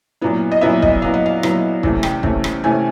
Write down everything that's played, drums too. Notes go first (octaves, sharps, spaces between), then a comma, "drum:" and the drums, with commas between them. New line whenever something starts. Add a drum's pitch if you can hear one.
A#2 F#3 B3 E4
D#5
A#2 F#3 B3 E4 E5
D#5, drum: kick
A#2 F#3 B3 E4 F5
F#5
F5
A#2 F#3 B3 E4, drum: rim click
C3 E3 A3 C#4, drum: kick
G5, drum: rim click
C3 E3 A3 C#4, drum: kick
drum: rim click
C3 E3 A3 C#4 G#5